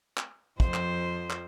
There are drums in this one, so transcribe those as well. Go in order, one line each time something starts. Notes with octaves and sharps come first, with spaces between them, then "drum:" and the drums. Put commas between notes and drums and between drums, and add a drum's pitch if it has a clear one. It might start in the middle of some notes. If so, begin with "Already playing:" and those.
drum: clap
F2 F3 C5, drum: kick
drum: clap
drum: clap